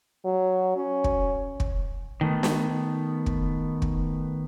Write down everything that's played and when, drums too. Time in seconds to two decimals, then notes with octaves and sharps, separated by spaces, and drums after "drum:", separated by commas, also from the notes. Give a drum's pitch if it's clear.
0.25 F#3
0.77 C#4
1.04 drum: kick
1.60 drum: kick
2.21 D#3 A3 B3
2.43 drum: snare
3.26 drum: kick
3.82 drum: kick